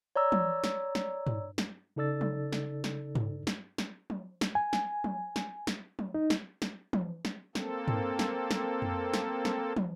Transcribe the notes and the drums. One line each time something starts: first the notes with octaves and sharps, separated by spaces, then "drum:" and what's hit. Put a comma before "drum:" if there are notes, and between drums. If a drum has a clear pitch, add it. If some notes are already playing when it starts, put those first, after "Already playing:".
C#5 D5 A#5 E6
drum: tom
drum: snare
drum: snare
drum: tom
drum: snare
C#3 D#4 A4 D5 E6 A6
drum: tom F3
drum: snare
drum: snare
drum: tom
drum: snare
drum: snare
drum: tom F3
drum: snare
G#5
drum: snare
drum: tom F3
drum: snare
drum: snare
drum: tom F3
D#4
drum: snare
drum: snare
drum: tom
drum: snare
A#3 C4 A4, drum: snare
drum: tom
drum: snare
drum: snare
drum: tom F2
drum: snare
drum: snare
drum: tom